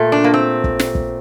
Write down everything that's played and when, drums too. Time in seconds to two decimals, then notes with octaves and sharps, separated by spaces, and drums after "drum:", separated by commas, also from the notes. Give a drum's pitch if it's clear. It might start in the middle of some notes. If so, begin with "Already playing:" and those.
Already playing: A#2 A3
0.12 D4
0.24 A#3
0.34 C4
0.64 drum: kick
0.79 drum: snare
0.95 drum: kick